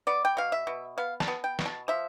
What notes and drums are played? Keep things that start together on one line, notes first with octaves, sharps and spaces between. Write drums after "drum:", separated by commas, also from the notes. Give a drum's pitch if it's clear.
B3 D5
G5
B2 F5
E5
B2
B3 F5
A5, drum: snare
B3
G5
B2, drum: snare
A5
F3 E5